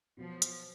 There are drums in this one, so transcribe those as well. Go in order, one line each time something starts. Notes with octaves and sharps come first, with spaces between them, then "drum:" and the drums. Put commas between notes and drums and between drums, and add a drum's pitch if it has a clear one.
B2 F3 F#3 B3
drum: hi-hat